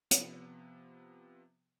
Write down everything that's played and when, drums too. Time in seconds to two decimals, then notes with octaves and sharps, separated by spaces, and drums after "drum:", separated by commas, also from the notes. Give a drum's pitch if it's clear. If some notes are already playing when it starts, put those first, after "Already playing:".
0.11 C3 F3 B3, drum: hi-hat